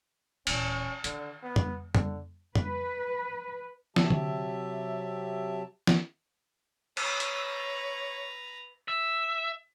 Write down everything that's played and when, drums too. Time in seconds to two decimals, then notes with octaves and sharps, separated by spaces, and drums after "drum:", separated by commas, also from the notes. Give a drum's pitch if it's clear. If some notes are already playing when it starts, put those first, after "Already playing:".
0.47 D#1 E2 C#4, drum: cymbal
1.04 D3 D#3, drum: hi-hat
1.43 B3
1.56 drum: tom F2
1.95 D3, drum: tom F2
2.55 B4, drum: tom F2
3.96 C3 F#3 G4 E5 A5, drum: snare
4.10 drum: tom D3
5.87 drum: snare
6.97 B4 C#5 A#5, drum: cymbal
7.20 drum: hi-hat
8.88 E5